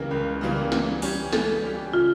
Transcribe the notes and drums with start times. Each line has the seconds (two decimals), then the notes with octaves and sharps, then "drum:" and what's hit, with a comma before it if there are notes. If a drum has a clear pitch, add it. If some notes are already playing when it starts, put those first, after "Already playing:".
Already playing: C#2 C#3 E3 G3 A#3 A#4
0.11 C#2
0.41 C#3 E3 G3 A#3
0.72 E3, drum: snare
1.02 G3 C#4 G4, drum: open hi-hat
1.33 E3 A4, drum: snare
1.62 G3 C#4 G4
1.92 C#3 F4